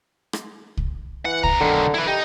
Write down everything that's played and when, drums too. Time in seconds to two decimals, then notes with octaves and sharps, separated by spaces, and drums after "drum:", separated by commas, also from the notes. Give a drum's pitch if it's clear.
0.33 drum: rim click
0.77 drum: kick C2
1.25 E3 F#5
1.44 E2 A#5, drum: kick C2
1.60 B1 D3 D#3
1.94 E4 B4
2.07 D#4 G4